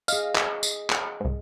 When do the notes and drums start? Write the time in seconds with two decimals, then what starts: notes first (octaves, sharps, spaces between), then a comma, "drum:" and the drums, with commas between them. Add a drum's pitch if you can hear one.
0.08 G#4 D#5 F5, drum: tambourine
0.35 drum: clap
0.63 drum: tambourine
0.90 drum: clap
1.20 C2 G#2